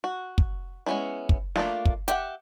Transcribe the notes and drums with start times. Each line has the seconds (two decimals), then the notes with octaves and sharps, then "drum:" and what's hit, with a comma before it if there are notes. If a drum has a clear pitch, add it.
0.04 F#4
0.38 drum: kick
0.86 G#3 B3 C#4 D#4 E4
1.29 drum: kick
1.56 A3 A#3 D4 F4, drum: snare
1.85 drum: kick
2.08 G4 E5 F#5, drum: hi-hat